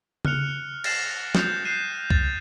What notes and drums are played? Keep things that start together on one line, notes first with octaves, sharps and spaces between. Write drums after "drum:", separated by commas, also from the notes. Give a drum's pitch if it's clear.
F6 F#6 C#7 F7, drum: tom C#3
A6 A#6 C7 E7, drum: cymbal
D#6 G6 F7, drum: snare
F#6 G6 C7 D#7 E7
A6, drum: kick